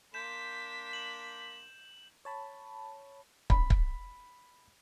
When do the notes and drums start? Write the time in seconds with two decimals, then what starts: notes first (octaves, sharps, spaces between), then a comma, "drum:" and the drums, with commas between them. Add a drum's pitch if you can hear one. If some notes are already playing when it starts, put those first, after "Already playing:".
0.14 A#3 D4 C6 G6 B6 E7
0.93 E7 F#7
2.25 C#5 A5 B5
3.50 B5, drum: kick
3.70 drum: kick